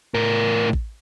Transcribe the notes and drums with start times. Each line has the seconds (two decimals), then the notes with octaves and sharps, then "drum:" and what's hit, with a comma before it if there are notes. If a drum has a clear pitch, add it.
0.14 A2 A#4
0.73 drum: kick A1